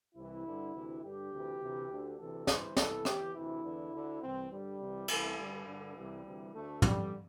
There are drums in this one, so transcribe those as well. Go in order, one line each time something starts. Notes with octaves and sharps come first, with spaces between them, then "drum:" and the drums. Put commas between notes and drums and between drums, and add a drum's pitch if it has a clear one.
C2 C3 E3 E4
G2 D3
D2 C3 E3
G2 D3 G4
D2 C3 E3
D2 C3 E3
D2 D3
D2 C3 E3 A4
G2 E3 C5, drum: snare
C2 C3 E3 A4, drum: snare
E2 E3 G4, drum: rim click
D2 C3 E3 E4
E2 D3
D2 D3
C2 C3 E3 C4
G2 D3 G3
C2 C3 E3
C2 C3 E3 A3, drum: cymbal
G2 D3
G2 D3
C2 C3 E3 G3
D2 C3 E3
D2 D3 A3
G2 D3 G3, drum: tom